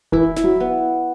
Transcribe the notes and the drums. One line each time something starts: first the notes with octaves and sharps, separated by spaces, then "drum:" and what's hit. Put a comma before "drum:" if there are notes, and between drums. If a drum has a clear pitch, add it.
E3 E4, drum: kick D#1
E4, drum: snare
F#3
B3